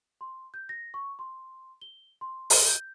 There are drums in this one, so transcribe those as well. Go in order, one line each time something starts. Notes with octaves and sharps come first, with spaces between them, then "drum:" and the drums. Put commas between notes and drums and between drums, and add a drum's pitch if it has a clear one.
C6
G6
A#6
C#6
C6
G7
C6
drum: open hi-hat
G6